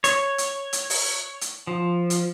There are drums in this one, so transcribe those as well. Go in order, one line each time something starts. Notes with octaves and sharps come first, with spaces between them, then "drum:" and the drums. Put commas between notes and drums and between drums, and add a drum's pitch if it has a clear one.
C#5, drum: hi-hat
drum: hi-hat
drum: hi-hat
drum: open hi-hat
drum: hi-hat
F3
drum: hi-hat